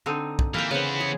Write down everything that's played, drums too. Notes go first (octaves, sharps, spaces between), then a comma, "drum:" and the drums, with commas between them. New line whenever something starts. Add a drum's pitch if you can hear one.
D3 C4 D#4
drum: kick
E3 A#3 G4 G5
C#3 E3 B3 B4 C5
G#4